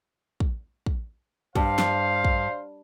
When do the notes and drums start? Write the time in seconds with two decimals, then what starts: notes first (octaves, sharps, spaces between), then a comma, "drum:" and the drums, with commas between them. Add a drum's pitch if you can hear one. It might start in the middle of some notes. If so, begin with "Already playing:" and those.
0.40 drum: kick
0.86 drum: kick
1.55 G2 C5 F5, drum: kick
1.78 drum: snare
2.25 drum: kick